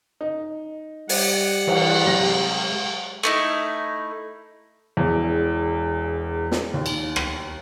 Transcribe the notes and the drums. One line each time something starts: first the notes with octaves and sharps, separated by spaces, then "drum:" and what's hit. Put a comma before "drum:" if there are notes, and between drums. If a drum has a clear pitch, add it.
D#4
G3 F#5, drum: open hi-hat
E3 E4, drum: cymbal
C3 F#3 G#3 A#6
A3 D#4 E4
E1 E2
drum: snare
D#2
drum: cymbal
drum: rim click